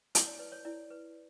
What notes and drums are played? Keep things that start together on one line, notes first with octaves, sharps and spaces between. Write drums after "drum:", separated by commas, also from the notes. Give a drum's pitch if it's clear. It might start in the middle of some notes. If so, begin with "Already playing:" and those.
E4 C#5, drum: hi-hat
D5
B4 D5
C#5
E4 D5
B4